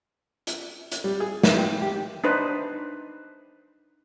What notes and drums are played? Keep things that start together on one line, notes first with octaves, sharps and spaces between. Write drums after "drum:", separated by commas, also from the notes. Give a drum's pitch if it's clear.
drum: hi-hat
drum: hi-hat
G3
G#4
E4, drum: snare
G5
G4
D4 D#4 B4 C5